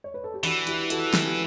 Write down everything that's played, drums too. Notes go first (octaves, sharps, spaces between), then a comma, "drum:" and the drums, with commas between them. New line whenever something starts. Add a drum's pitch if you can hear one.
C#5
B4
A4
G4
E3 D4 F#4, drum: open hi-hat
E4 G4, drum: hi-hat
F#4 A4, drum: hi-hat
G4 B4, drum: snare